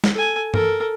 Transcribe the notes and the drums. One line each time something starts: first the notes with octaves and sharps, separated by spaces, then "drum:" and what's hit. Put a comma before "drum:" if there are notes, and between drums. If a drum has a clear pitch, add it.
drum: snare
A4 G#5
A4 A#4, drum: tom G2